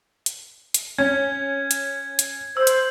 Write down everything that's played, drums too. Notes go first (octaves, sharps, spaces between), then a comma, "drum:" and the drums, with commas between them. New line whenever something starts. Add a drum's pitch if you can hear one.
drum: hi-hat
drum: hi-hat
C#4 G#6
drum: hi-hat
drum: hi-hat
C5 E6
drum: hi-hat